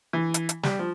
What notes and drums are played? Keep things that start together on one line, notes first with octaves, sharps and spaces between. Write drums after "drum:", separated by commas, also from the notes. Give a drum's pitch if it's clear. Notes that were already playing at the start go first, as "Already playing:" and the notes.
E3
drum: hi-hat
drum: hi-hat
G3, drum: snare
F3